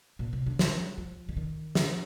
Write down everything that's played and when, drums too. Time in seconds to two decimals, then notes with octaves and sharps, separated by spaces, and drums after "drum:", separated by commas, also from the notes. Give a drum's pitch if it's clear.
0.19 A#2
0.33 C3
0.46 D3
0.59 G3, drum: snare
0.98 F3
1.29 D3
1.37 D#3
1.75 drum: snare